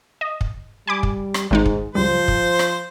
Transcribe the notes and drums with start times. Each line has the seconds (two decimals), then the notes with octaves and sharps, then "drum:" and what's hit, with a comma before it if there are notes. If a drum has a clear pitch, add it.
0.21 D#5
0.41 drum: kick
0.87 G3 G#5 B5 D6
1.03 drum: kick
1.34 drum: rim click
1.51 G#1 G#2 G#3 D#4
1.66 drum: kick
1.95 C#2 F#2 F3 G3 C5
2.28 drum: kick
2.59 drum: rim click